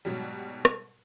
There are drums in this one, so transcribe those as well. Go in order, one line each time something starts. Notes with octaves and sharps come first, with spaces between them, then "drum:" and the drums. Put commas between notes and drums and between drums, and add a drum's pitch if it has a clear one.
G#2 B2 F#3 G3
drum: rim click